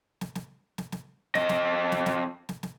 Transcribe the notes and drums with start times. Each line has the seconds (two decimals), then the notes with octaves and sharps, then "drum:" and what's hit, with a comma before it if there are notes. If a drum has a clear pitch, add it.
0.21 drum: snare
0.35 drum: snare
0.78 drum: snare
0.92 drum: snare
1.35 F2 D#5, drum: snare
1.49 drum: snare
1.92 drum: snare
2.06 drum: snare
2.49 drum: snare
2.63 drum: snare